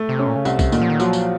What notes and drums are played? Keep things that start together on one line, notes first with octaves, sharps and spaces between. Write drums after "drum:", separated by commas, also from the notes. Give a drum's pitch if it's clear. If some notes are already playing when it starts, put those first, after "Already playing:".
Already playing: A3
C3
C#4
A#2
C#3
C2 C3, drum: tambourine
drum: kick, tambourine
A#2 D#3, drum: tambourine
F3
D#3
F3 F#3, drum: tambourine
drum: tambourine